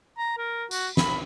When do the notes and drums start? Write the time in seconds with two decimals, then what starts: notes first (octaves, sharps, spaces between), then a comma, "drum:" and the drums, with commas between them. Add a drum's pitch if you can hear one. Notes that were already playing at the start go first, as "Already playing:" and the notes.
0.18 A#5
0.38 A#4
0.71 F#4, drum: tambourine
0.97 B5, drum: snare